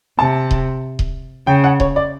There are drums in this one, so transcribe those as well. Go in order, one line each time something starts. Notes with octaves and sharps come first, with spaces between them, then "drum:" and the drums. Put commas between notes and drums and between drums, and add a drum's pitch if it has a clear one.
C3 A5
drum: kick D#1
drum: kick D#1
C#3 G5
F#5
C#5, drum: kick D#1
D5